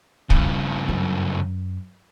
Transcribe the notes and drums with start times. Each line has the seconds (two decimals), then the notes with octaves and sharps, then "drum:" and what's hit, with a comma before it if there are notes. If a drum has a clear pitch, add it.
0.30 G2 C#3, drum: kick
0.89 F#2